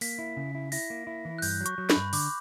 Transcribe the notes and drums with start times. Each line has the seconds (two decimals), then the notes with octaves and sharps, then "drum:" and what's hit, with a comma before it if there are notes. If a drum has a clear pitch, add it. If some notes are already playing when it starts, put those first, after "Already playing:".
0.01 A#3 B6, drum: open hi-hat
0.19 E4
0.37 C#3
0.55 E4
0.72 E4 A#6, drum: open hi-hat
0.90 A#3
1.07 E4
1.25 E3
1.39 F#6
1.42 G2 G6, drum: open hi-hat
1.61 F#3
1.66 C#6, drum: hi-hat
1.78 F#3
1.90 B5, drum: snare
1.96 G2
2.13 D3 D6, drum: open hi-hat